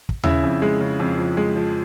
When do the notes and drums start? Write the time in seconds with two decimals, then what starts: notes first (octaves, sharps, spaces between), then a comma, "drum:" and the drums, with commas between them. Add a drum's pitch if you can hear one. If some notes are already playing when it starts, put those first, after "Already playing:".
0.09 drum: kick
0.24 C#3 E4 E5, drum: tom D#2
0.43 F2
0.62 G#3
0.81 C#3
1.00 F2
1.18 F3
1.37 G#3
1.56 F3